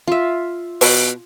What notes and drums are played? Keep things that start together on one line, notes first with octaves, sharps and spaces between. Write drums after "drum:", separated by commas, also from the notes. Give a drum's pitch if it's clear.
F4 E5
B2, drum: open hi-hat